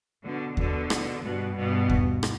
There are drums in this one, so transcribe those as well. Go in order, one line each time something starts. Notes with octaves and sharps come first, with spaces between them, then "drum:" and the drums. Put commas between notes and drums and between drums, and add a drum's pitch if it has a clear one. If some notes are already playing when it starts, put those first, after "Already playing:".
B2 D3
B2 D3, drum: kick D#2
drum: rim click
G2 B2
G2 B2
drum: kick D#2
drum: rim click